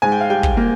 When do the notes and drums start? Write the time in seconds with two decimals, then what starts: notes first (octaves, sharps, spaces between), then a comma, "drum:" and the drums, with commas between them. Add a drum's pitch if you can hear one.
0.02 G#2 G#5
0.12 G5
0.21 F5
0.30 G3 G5
0.43 drum: kick
0.57 A#3